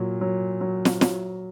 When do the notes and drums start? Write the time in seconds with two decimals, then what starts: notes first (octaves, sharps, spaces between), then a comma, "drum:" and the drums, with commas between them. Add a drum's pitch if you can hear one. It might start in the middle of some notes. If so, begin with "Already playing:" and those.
Already playing: A#2 F#3
0.21 F#3
0.61 F#3
0.85 drum: snare
1.01 F#3, drum: snare